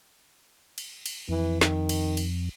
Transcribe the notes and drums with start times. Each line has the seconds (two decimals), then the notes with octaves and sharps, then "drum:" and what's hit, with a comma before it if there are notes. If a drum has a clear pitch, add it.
0.78 drum: cymbal
1.06 drum: cymbal
1.29 F2 E3
1.61 D#3, drum: snare
1.89 drum: cymbal
2.17 drum: cymbal